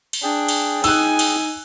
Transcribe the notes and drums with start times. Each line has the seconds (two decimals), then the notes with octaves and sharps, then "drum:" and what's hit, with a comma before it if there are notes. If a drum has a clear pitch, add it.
0.13 drum: cymbal
0.23 D4 G#4 G5
0.49 drum: cymbal
0.84 D#4 G#5 E6 F#6, drum: cymbal
1.19 drum: cymbal